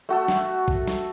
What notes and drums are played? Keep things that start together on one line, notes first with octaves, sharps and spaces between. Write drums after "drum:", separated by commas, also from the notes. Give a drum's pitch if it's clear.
A3 F#4 A4
drum: snare
drum: kick
drum: snare